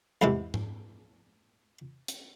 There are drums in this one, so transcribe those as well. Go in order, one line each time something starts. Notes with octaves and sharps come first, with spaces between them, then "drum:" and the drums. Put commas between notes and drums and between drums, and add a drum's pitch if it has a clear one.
E2 G#2 C3 E3
drum: tom G#2
drum: hi-hat